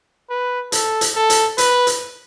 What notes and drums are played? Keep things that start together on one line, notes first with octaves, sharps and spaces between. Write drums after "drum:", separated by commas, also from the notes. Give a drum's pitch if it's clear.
B4
A4, drum: hi-hat
drum: hi-hat
A4
drum: hi-hat
B4, drum: hi-hat
drum: hi-hat